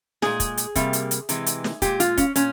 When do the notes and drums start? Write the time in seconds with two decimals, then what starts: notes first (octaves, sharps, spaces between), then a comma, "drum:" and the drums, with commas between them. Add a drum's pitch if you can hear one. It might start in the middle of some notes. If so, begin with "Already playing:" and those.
0.22 A#2 G#3 G#4, drum: snare
0.40 drum: kick, hi-hat
0.58 drum: hi-hat
0.75 C3 G3 A#3, drum: kick, hi-hat
0.93 drum: hi-hat
1.11 drum: hi-hat
1.29 C3 E3 G#3, drum: hi-hat
1.46 drum: hi-hat
1.64 drum: snare
1.82 A#2 G#3 G4, drum: kick, hi-hat
2.00 F4, drum: hi-hat
2.17 C#4, drum: kick, hi-hat
2.36 A#2 C#4, drum: hi-hat